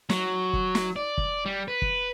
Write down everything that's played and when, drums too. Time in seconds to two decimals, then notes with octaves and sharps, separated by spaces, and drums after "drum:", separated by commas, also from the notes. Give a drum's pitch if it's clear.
0.10 F#3, drum: snare
0.53 drum: kick
0.75 drum: snare
0.96 D5
1.18 drum: kick
1.46 G3
1.68 B4
1.82 drum: kick